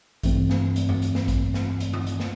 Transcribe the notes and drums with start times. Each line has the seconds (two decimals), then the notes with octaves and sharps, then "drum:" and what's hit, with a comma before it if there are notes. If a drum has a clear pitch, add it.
0.23 G2 E3 A3 C4, drum: kick A1, hi-hat
0.50 drum: snare
0.76 drum: hi-hat
0.89 drum: tom F2
1.02 drum: hi-hat
1.15 drum: snare
1.28 drum: kick A1, hi-hat
1.54 drum: snare
1.80 drum: hi-hat
1.93 drum: tom D3
2.07 drum: hi-hat
2.20 drum: snare